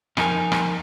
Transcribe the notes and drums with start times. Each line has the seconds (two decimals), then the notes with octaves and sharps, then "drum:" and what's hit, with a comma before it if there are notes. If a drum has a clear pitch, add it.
0.17 F2 D#4 A#4 G#5, drum: rim click
0.52 drum: rim click